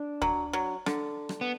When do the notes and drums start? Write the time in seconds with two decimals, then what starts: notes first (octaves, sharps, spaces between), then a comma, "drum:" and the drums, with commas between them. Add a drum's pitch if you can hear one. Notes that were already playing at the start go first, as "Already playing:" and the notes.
Already playing: D4
0.22 F#3, drum: kick
0.53 F#3
0.86 D3, drum: rim click
1.29 drum: rim click
1.41 B3